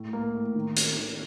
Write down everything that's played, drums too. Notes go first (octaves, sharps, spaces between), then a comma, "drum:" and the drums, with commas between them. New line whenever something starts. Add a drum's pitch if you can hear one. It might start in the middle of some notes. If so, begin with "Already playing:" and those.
Already playing: A2
A#3
A2
D#3
C#4, drum: hi-hat
D#3